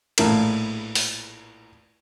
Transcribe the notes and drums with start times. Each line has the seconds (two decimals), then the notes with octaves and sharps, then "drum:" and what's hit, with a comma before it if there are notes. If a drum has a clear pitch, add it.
0.18 A#1 A2 A#4, drum: cymbal
0.95 drum: open hi-hat